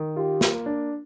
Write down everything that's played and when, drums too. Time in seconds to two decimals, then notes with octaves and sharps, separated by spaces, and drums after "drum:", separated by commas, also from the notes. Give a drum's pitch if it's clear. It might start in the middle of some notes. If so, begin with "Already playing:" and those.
Already playing: D#3
0.16 F4 G4
0.41 A#3, drum: snare
0.66 D4